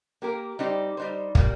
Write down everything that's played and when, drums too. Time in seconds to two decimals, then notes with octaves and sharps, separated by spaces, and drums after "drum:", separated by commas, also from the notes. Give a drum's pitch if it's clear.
0.22 A#3 G4 A#4
0.59 G3 C4 D#4 G4
0.97 G3 D#4 C5
1.35 A#2 G3 A#3, drum: kick